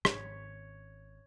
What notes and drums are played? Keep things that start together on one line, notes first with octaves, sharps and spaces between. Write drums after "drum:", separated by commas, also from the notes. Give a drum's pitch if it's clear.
G#1 D#3 C#5, drum: rim click